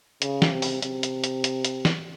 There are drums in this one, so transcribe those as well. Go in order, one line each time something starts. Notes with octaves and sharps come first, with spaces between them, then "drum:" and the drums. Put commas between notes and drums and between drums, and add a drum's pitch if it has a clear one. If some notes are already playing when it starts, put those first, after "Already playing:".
C#3, drum: hi-hat
drum: snare
C3
drum: open hi-hat
C3, drum: hi-hat
drum: hi-hat
drum: hi-hat
drum: hi-hat
drum: hi-hat
drum: snare